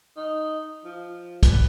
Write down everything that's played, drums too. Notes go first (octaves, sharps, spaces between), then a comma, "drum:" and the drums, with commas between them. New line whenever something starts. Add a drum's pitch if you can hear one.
D#4
F3
B4, drum: kick, hi-hat